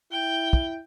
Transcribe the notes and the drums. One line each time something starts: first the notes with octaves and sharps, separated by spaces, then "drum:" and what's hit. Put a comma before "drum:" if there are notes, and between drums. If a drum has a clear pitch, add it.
E4 G5 G7
drum: kick